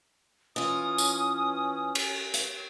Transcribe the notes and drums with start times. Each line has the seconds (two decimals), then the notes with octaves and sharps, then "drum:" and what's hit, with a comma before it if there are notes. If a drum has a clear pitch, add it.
0.56 E3 C#4 F4 D#6
0.98 drum: tambourine
1.95 drum: cymbal
2.34 drum: hi-hat